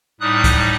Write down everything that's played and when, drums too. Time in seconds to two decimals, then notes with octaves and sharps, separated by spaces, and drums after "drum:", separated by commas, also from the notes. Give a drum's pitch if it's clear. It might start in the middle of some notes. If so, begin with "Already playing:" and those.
0.20 A2 G3 D#4 D#6 F#6
0.44 drum: kick, hi-hat